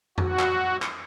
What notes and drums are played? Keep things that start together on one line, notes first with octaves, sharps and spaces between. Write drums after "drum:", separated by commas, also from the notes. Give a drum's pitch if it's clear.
F#4, drum: tom F2
drum: clap
drum: clap